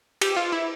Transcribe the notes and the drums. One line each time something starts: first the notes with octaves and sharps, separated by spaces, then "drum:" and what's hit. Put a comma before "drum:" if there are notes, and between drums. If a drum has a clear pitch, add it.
G4, drum: cymbal
F4
E4